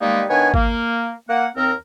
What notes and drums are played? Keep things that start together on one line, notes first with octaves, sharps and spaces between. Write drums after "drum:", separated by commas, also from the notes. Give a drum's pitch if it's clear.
D#3 G3 G#3 A#3 B3 D#4
D#3 B3 D4 C#5 G#5
A#3, drum: kick G#1
A#3 F#5
D#2 C4 A#4